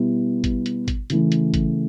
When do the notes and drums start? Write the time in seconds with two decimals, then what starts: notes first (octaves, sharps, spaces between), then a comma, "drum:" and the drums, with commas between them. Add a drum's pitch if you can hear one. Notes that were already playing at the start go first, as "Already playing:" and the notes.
Already playing: B2 G3 B3 E4
0.44 drum: kick G#1, hi-hat
0.66 drum: hi-hat
0.88 drum: kick G#1, hi-hat
1.10 C#3 E3 A3, drum: hi-hat
1.32 drum: hi-hat
1.54 drum: kick G#1, hi-hat